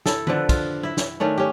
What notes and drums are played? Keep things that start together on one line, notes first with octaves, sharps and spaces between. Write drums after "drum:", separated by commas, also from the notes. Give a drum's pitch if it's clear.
E4 A4, drum: snare
D3 F3 B4, drum: tom D#3
F4, drum: kick, cymbal
E4 E5
drum: snare
D#3 A3 C#4 D4
C#4 G4